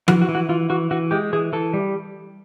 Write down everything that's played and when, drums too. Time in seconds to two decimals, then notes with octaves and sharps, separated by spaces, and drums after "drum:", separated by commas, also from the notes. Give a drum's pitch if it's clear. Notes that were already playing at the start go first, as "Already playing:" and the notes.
0.08 E3 F#4, drum: tom F3
0.22 F#4
0.29 E3
0.35 F#4
0.49 E3 F4
0.70 E3 F#4
0.91 E3 F#4
1.11 G#3 G4
1.33 E3 G#4
1.53 E3 A4
1.74 G3